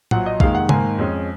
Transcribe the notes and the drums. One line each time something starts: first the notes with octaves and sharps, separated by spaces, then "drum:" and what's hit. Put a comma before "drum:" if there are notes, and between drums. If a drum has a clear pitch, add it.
A#1 A#2 F#3 F#5, drum: tom A2
D#5
F1 D#2 D#3 G#3 F5, drum: kick
F#5
G#2 D#3 A#3 G#5, drum: tom C#3
F2 F3 G#3 C#4